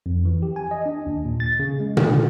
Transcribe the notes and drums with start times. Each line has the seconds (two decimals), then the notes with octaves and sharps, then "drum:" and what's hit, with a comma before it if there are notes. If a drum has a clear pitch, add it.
0.06 F2
0.25 E3
0.43 G4
0.56 G#5
0.71 D#5
0.86 D4
1.07 D#2
1.25 A#2
1.40 A6
1.59 C#3
1.80 G#3
1.97 D3, drum: tom A#2